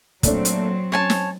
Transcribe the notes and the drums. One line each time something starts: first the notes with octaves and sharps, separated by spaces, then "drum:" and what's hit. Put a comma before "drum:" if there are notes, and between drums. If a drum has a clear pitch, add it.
A#2 F#3 A3 C4 D4, drum: kick, hi-hat
drum: hi-hat
C#4 C#5 G#5 A5
drum: snare